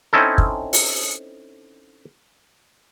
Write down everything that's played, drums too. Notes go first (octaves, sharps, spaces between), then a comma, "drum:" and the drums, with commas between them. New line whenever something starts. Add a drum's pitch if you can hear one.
C4 C#4 D#4 E4 A4
drum: kick
drum: open hi-hat